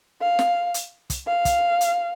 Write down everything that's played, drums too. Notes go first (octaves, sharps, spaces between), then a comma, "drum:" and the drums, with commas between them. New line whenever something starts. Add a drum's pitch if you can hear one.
F5
drum: snare
drum: hi-hat
drum: kick, hi-hat
F5
drum: kick, hi-hat
drum: hi-hat